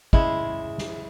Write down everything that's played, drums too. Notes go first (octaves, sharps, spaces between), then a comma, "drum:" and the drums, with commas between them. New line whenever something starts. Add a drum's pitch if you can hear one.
C#3 G#3 E4, drum: kick
drum: snare